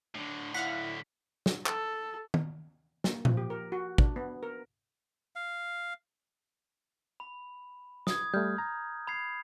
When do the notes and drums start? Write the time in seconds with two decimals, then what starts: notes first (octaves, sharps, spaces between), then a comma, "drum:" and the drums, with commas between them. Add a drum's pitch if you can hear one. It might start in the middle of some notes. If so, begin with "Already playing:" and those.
0.15 A2 D3 D4
0.54 E4 F5 F#5 B6
1.46 drum: snare
1.66 A4, drum: clap
2.34 drum: tom
3.04 A#3, drum: snare
3.25 F3, drum: tom A#2
3.37 G4
3.50 A#4
3.72 F#4
3.98 D4, drum: kick
4.16 B3
4.43 A#4
5.36 F5
7.20 B5
8.07 D#6 G#6, drum: snare
8.34 G3 A3 F6 G6
8.58 A#5
9.07 B5 G#6 C7